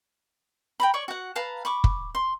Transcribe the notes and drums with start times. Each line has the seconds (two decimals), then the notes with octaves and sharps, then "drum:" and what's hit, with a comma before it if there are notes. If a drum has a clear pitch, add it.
0.80 G5 A#5 B5
0.94 C#5 D5 C#6
1.08 F#4 F#5
1.35 B4 F5 A5 A#5
1.65 B5 C#6 D6
1.84 drum: kick
2.15 C6